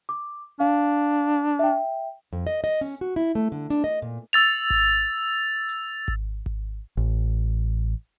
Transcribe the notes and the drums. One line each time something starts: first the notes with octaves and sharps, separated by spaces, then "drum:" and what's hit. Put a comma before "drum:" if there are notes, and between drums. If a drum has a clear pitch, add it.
D6
D4 F5
E5 G5
F2
D#5
D#5, drum: open hi-hat
C#4
F#4
E4
A3
D3
D4, drum: hi-hat
D#5
A#2
E6 A6 F7
drum: kick G#1
drum: hi-hat
drum: kick G#1
drum: kick G#1
A1